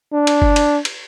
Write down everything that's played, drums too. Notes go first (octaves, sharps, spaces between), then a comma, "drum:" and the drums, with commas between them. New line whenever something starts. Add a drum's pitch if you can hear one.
D4
drum: cymbal
drum: kick F#1
drum: cymbal
drum: cymbal